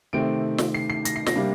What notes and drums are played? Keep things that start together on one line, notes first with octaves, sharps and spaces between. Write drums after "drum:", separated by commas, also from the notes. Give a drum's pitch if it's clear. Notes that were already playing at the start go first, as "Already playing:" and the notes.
C3 D#3 A3 C4 D7
drum: snare
C7
C7
A#6, drum: hi-hat
C7
A#6, drum: snare
C3 G3 A#3 D4